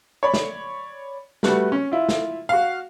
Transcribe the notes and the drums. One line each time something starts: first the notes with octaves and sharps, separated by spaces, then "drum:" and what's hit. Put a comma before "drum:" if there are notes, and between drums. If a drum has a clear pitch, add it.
C#5 D5 B5
drum: snare
G3 A3 B3 F#4, drum: snare
C#4
E4 F4
drum: snare
F#4 F5